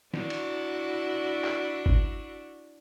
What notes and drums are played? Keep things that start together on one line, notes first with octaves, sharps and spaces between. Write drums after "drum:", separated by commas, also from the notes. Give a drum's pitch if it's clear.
D4 E4 F#4, drum: snare
drum: cymbal
drum: clap
drum: kick G1